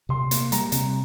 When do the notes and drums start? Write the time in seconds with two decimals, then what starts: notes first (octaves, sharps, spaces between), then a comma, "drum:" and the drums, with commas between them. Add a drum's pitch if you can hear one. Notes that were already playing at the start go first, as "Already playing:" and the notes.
0.09 C3 C6
0.31 A#3, drum: hi-hat
0.52 G3 A#5, drum: hi-hat
0.72 C3, drum: hi-hat